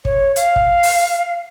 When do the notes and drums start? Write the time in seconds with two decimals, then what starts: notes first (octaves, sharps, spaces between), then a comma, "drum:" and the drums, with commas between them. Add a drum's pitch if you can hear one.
0.05 C#5, drum: kick
0.36 F5, drum: hi-hat
0.56 drum: kick
0.83 drum: open hi-hat